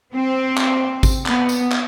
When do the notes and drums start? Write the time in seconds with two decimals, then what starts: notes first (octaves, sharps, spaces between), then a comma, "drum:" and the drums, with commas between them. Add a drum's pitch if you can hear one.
0.14 C4
0.57 drum: clap
1.03 drum: kick G#1, tambourine
1.26 B3, drum: clap
1.49 drum: tambourine
1.72 drum: clap